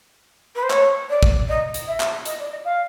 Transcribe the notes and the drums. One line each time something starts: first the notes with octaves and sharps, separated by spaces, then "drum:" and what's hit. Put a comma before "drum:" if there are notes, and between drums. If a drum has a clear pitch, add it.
B4
C5
C#5, drum: clap
D5
drum: kick
D#5
drum: hi-hat
E5
drum: clap
D#5, drum: hi-hat
D5
D#5
F5